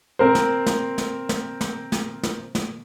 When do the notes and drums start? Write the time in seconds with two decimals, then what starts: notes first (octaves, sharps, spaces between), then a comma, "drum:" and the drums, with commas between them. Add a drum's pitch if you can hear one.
0.19 C4 A#4 C5
0.35 drum: snare
0.66 drum: snare
0.98 drum: snare
1.29 drum: snare
1.61 drum: snare
1.92 drum: snare
2.23 drum: snare
2.55 drum: snare